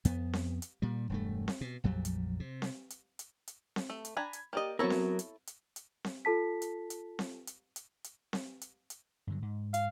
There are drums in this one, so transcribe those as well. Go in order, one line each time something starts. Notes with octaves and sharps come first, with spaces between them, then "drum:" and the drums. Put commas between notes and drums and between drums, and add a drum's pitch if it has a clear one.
F2 B3, drum: hi-hat
drum: snare C4
drum: hi-hat
A#2 G3
E1 G2 A3
drum: snare C4
B2
A#1 F2 F#3 G3
drum: hi-hat
C3
drum: snare C4
drum: hi-hat
drum: hi-hat
drum: hi-hat
drum: snare C4
A3
drum: hi-hat
D4 G#5 A#5 B5 G#6
drum: hi-hat
A#3 G4 D5 D#5 G5
F#3 B3 C4 E4 F#4 A4 A#4 C#5
drum: snare C4
drum: hi-hat
drum: hi-hat
drum: hi-hat
drum: snare C4
F4 A4 A5 B6
drum: hi-hat
drum: hi-hat
drum: snare C4
drum: hi-hat
drum: hi-hat
drum: hi-hat
drum: snare C4
drum: hi-hat
drum: hi-hat
G2 D3 F#3
G#2
F5, drum: hi-hat